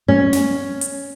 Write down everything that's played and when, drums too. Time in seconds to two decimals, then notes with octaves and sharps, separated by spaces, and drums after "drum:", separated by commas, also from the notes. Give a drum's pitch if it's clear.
0.08 C#4
0.33 drum: snare
0.81 drum: hi-hat